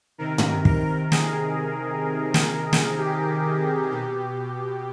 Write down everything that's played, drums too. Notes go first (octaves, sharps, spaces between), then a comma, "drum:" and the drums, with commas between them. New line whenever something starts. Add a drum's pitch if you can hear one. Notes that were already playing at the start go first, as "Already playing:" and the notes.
C3 D#3 A#4
drum: tom
A#4, drum: kick
G#4, drum: snare
drum: snare
drum: snare
G4
B2 G4